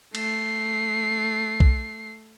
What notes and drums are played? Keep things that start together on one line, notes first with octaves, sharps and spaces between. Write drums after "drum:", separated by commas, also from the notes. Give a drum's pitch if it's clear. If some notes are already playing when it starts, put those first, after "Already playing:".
A3 C7, drum: cymbal
drum: kick B1